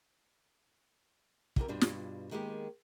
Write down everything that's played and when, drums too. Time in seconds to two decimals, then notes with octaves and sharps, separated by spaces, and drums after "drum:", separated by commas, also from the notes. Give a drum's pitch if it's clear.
1.56 E2 C3 C4 A#4, drum: kick
1.68 G2 B2 G3 D4 F4
1.81 drum: snare
2.31 D#3 G#3 A#3 B3 G4